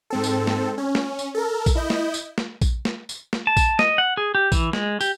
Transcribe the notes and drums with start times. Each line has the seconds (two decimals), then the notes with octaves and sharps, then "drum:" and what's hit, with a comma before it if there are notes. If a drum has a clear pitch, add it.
0.10 G#2 C4 A4
0.24 drum: tambourine
0.47 drum: snare
0.78 C#4
0.95 drum: snare
1.19 drum: tambourine
1.35 A4 A#4
1.66 drum: kick A#1, tambourine
1.75 E4 D#5 G6
1.90 drum: snare
2.14 drum: tambourine
2.38 drum: snare
2.61 drum: kick A#1, tambourine
2.85 drum: snare
3.09 drum: tambourine
3.33 drum: snare
3.47 A5
3.57 drum: kick A#1, tambourine
3.79 D#5, drum: snare
3.98 F#5
4.17 G#4
4.35 G4
4.52 E3, drum: kick A#1, tambourine
4.73 G#3, drum: snare
5.01 G4, drum: tambourine